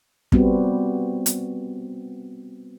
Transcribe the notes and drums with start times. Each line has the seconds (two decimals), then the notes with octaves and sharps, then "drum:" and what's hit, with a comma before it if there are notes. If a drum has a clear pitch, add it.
0.32 G3 B3 C4 F#4, drum: kick
1.26 drum: hi-hat